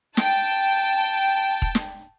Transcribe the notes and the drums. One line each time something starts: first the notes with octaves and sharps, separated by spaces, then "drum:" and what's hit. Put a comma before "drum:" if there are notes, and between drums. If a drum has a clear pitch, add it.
G5 A5, drum: snare
drum: kick E1
drum: snare